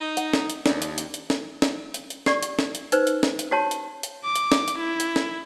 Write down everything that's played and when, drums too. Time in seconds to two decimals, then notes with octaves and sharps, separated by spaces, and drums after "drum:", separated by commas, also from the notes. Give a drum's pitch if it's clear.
0.01 D#4
0.17 F#5, drum: hi-hat
0.33 drum: snare
0.50 drum: hi-hat
0.66 D#2 D4, drum: snare
0.82 drum: hi-hat
0.98 drum: hi-hat
1.14 drum: hi-hat
1.30 drum: snare
1.62 drum: snare
1.94 drum: hi-hat
2.10 drum: hi-hat
2.26 G4 D5 C#6, drum: snare
2.43 drum: hi-hat
2.59 drum: snare
2.75 drum: hi-hat
2.92 D#4 B4 C5, drum: hi-hat
3.07 drum: hi-hat
3.23 drum: snare
3.39 drum: hi-hat
3.51 F#4 G4 C#5 A5
3.71 drum: hi-hat
4.03 drum: hi-hat
4.24 D6
4.35 drum: hi-hat
4.52 drum: snare
4.68 drum: hi-hat
4.78 E4
5.00 drum: hi-hat
5.16 drum: snare